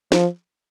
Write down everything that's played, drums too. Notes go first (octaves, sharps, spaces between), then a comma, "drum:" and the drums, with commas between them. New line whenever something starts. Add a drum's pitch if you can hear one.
F3, drum: snare